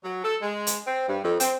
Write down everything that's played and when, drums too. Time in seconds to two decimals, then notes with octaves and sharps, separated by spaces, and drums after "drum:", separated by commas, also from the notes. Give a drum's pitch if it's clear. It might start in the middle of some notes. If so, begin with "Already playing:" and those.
0.04 F#3
0.24 A4
0.42 G#3
0.67 drum: hi-hat
0.87 C4
1.08 G2
1.24 F2
1.40 C4, drum: hi-hat